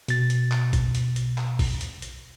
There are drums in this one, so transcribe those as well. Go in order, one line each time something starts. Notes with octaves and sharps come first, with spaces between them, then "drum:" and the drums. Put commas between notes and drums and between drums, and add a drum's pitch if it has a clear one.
B2 A6, drum: hi-hat
drum: hi-hat
drum: clap
drum: kick A1, hi-hat
drum: hi-hat
drum: hi-hat
drum: clap
drum: kick A1, open hi-hat
drum: hi-hat
drum: hi-hat